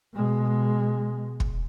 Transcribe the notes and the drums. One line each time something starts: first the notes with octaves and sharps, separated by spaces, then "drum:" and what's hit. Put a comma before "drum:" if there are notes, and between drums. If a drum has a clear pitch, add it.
B2 G#3
drum: kick